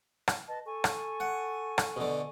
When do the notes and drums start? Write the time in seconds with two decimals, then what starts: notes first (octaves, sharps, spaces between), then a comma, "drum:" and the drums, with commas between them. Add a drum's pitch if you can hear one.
0.28 drum: rim click
0.48 B4 D#5 A5
0.65 A4 G#5 C#6
0.84 drum: rim click
1.20 F#5
1.78 drum: rim click
1.96 B2 D3